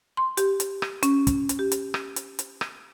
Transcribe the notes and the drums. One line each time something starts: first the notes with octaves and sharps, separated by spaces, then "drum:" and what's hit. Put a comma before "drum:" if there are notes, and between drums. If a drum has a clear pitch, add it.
C6
G4, drum: hi-hat
drum: hi-hat
drum: rim click
C#4, drum: hi-hat
drum: kick, hi-hat
drum: hi-hat
G4
drum: hi-hat
drum: rim click
drum: hi-hat
drum: hi-hat
drum: rim click